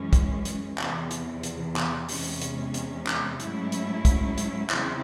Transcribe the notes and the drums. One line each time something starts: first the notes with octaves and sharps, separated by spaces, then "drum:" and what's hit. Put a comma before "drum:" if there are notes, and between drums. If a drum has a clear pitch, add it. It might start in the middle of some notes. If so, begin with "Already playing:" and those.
Already playing: F#2 E3 G#3 C#4
drum: kick, hi-hat
drum: hi-hat
E2 C3 E3, drum: clap
drum: hi-hat
drum: hi-hat
drum: clap
E2 C3 E3 G#3 C#4, drum: open hi-hat
drum: hi-hat
drum: hi-hat
drum: clap
G#2 F#3 A3 C#4 E4, drum: hi-hat
drum: hi-hat
drum: kick, hi-hat
drum: hi-hat
E2 C#3 F#3 C4 E4, drum: clap